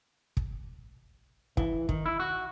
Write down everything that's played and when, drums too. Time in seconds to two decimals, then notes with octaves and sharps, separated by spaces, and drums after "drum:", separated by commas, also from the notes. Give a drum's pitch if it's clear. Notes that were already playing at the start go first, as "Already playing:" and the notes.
0.37 drum: kick
1.57 E3, drum: kick
1.89 D#3, drum: kick
2.06 E4
2.20 F#4